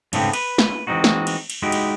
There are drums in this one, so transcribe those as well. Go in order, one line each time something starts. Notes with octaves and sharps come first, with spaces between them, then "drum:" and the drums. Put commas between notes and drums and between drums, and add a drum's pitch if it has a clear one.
G#2 C#3 A3 B3 C4 G4, drum: cymbal
B4, drum: cymbal
drum: snare
E3 G#3 C4 D#4 F#4
drum: snare
drum: cymbal
drum: cymbal
G#3 D#4 E4 F#4 G4
drum: cymbal